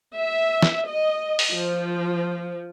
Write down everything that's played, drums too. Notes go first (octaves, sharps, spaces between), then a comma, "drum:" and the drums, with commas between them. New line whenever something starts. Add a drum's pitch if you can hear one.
E5
drum: snare
D#5
drum: open hi-hat
F3